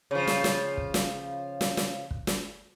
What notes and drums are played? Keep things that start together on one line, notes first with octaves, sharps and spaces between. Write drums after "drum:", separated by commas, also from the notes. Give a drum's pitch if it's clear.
C#3 F3
drum: snare
drum: snare
drum: kick
drum: snare
drum: snare
drum: snare
drum: kick
drum: snare